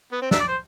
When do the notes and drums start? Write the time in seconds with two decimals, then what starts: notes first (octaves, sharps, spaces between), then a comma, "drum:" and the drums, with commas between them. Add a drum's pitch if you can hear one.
0.12 B3
0.22 C4
0.31 D4 E5, drum: snare
0.40 D5
0.48 C5